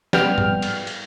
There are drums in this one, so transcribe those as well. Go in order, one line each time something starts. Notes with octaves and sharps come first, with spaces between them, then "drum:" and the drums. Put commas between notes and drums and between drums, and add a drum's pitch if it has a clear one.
G3 B3 G5 F6, drum: snare
drum: tom
drum: cymbal
drum: cymbal